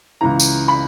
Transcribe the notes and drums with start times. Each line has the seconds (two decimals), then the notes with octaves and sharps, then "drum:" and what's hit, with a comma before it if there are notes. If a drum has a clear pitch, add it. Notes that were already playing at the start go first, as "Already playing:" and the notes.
0.21 C#2 C#3 E3 A#5
0.40 drum: tambourine
0.68 B5